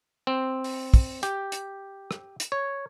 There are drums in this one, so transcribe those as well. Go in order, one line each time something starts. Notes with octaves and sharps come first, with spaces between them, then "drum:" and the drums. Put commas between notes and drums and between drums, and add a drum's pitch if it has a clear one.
C4
drum: open hi-hat
drum: kick, open hi-hat
G4, drum: hi-hat
drum: hi-hat
drum: rim click
drum: hi-hat
C#5